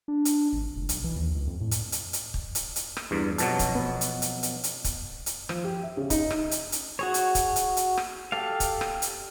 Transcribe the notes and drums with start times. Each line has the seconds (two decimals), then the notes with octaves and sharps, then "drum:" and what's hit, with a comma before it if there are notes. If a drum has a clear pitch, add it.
0.08 D4
0.25 drum: hi-hat
0.53 G#1
0.76 F1
0.89 B1, drum: hi-hat
1.04 E3
1.16 D#2
1.34 C#2
1.47 F2
1.61 A2
1.71 drum: hi-hat
1.92 drum: hi-hat
2.13 drum: hi-hat
2.34 drum: kick
2.55 drum: hi-hat
2.76 drum: hi-hat
2.97 drum: rim click
3.11 E2 G2
3.38 F2 B2 F#3 A5, drum: hi-hat
3.59 drum: kick, hi-hat
3.75 B3
4.01 drum: hi-hat
4.22 drum: hi-hat
4.43 drum: hi-hat
4.64 drum: hi-hat
4.84 drum: kick, hi-hat
5.26 drum: hi-hat
5.49 F3, drum: rim click
5.64 G4
5.83 E5
5.97 C#3
6.10 D#4, drum: kick, hi-hat
6.31 drum: rim click
6.51 drum: hi-hat
6.72 drum: hi-hat
6.99 F#4 G#4 C#5
7.14 drum: hi-hat
7.35 drum: kick, hi-hat
7.56 drum: hi-hat
7.77 drum: hi-hat
7.97 drum: rim click
8.32 G4 A4 D5 F5
8.60 drum: kick, hi-hat
8.81 drum: rim click
9.02 drum: hi-hat